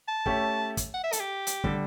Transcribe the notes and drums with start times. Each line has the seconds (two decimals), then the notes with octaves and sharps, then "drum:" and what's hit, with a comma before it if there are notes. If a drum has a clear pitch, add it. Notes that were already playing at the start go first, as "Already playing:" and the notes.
0.08 A5
0.26 A3 C#4 G4 C#5 E5, drum: kick
0.77 drum: kick, hi-hat
0.94 F#5
1.04 E5
1.13 A4, drum: hi-hat
1.20 G4
1.47 drum: hi-hat
1.64 D3 G3, drum: kick